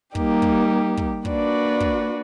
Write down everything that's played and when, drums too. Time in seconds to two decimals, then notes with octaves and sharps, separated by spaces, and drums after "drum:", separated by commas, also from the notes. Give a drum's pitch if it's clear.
0.15 G3 A#3 D#4 G4, drum: kick
0.42 drum: kick
0.97 drum: kick
1.25 A#3 D4 F#4 B4 D5, drum: kick
1.80 drum: kick